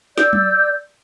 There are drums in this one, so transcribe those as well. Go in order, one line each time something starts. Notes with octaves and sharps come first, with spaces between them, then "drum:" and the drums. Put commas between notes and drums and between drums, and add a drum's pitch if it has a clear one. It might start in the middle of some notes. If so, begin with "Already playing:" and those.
D5 E6 G6, drum: snare
drum: tom F#3